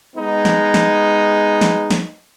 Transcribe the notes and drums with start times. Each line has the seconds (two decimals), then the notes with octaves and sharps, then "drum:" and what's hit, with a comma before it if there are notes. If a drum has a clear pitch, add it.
0.16 G#3 B3 D#4
0.45 drum: snare
0.74 drum: snare
1.61 drum: snare
1.90 drum: snare